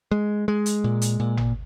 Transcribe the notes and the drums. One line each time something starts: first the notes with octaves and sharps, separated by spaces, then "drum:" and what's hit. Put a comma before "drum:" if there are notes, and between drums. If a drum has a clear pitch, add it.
G#3
G#3
drum: hi-hat
A#2
drum: hi-hat
A#2
drum: tom G#1